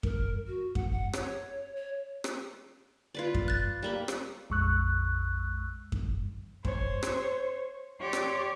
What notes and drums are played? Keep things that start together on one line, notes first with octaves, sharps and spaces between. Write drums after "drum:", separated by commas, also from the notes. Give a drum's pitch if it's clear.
A#4, drum: kick F#2
F#4
F#5, drum: kick F#2
F#5
C#5, drum: rim click
C#5
drum: rim click
F4 B4 D5
drum: kick F#2
F#6 A6
G3 A#3 B5
drum: rim click
A#1 F2 G#3 C#6 E6 F#6
drum: kick F#2
C5 C#5, drum: kick F#2
drum: rim click
G4 C#5 D5 C6 D6
drum: rim click